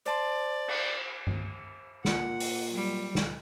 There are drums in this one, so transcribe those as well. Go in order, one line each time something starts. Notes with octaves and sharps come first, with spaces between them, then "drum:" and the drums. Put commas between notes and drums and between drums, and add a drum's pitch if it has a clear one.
C5 D5 A5 C6
drum: cymbal
drum: tom G2
A#2 F#5, drum: snare
drum: open hi-hat
F#3 G3
drum: snare